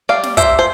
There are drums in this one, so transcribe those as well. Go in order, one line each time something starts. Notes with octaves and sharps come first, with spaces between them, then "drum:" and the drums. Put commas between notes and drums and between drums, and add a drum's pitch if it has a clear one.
G3 D5 F5
drum: snare
A#3 C5 E5, drum: kick, hi-hat
C5